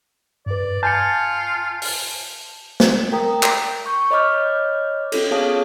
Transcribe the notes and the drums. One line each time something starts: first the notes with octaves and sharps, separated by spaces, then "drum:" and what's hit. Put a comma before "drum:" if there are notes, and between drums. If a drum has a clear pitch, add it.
G2 B4 D5
F4 G#5 A5 G6 C#7
drum: open hi-hat
drum: snare
A#4 G5 A#5 D#6
G6, drum: clap
C#6 G6
C#5 D#5 B5 D6 F6 G6
C#4 F4 A4, drum: cymbal
B3 G#4 C#5 F5 A5 D#6